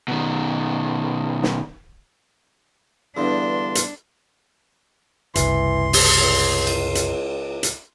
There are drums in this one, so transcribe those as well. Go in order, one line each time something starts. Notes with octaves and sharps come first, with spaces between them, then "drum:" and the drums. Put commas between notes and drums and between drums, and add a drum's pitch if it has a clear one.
B2 D#3
drum: snare
E2 G2 D3 D4 C6
drum: hi-hat
F#1 C2 E3 C6, drum: hi-hat
drum: open hi-hat
C#2
drum: cymbal
drum: hi-hat
drum: hi-hat